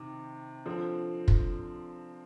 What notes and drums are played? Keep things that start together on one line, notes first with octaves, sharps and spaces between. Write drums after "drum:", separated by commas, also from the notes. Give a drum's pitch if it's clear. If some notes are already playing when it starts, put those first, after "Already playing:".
Already playing: C3 D#3
D3 F3 C4
drum: kick